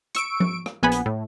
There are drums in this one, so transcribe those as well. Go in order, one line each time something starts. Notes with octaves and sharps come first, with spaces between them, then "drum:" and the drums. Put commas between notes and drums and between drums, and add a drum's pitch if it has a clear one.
C#6 E6 D7, drum: hi-hat
drum: tom F3
drum: rim click
A#1 B3 G#5 B5
drum: hi-hat
A2